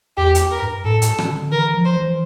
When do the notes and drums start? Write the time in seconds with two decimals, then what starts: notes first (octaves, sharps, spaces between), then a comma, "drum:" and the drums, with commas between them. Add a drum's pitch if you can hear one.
0.17 E2 G4
0.35 drum: hi-hat
0.51 A#4
0.62 G2
0.84 A2 A4
1.02 drum: hi-hat
1.18 drum: rim click
1.30 D3
1.52 E3 A#4
1.74 F3
1.85 C5
1.97 E3